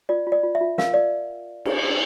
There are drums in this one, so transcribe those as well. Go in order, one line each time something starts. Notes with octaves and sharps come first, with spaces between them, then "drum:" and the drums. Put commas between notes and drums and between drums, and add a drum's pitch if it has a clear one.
F4 D5
F4
D5
F4
E5
F4
A#4 F5, drum: snare
D5
drum: cymbal